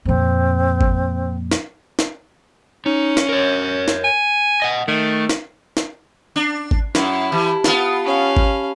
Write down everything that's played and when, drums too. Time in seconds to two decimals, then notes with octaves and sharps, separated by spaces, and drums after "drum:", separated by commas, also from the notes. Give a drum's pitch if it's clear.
0.05 F2 A#2 C4
0.81 drum: kick G#1
1.51 drum: snare
1.99 drum: snare
2.86 C#4 D#4
3.17 drum: snare
3.29 A#4 C#5
3.88 drum: snare
4.04 G#5
4.62 D#5 F#5
4.88 D#3 A3
5.29 drum: snare
5.77 drum: snare
6.36 D4
6.71 drum: kick G#1
6.95 F#2 E4, drum: snare
7.32 E3 G4 A5 B5
7.64 B3 F4, drum: snare
8.04 C#4 F5
8.37 drum: kick G#1